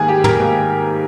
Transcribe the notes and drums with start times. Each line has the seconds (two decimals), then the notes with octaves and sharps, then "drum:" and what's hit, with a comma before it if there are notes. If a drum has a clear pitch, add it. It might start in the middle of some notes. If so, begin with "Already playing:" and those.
Already playing: G#2 D#3 G3 A#3 G#4
0.08 G4
0.24 A#4, drum: tom
0.39 G#2 D#3 G3 A#3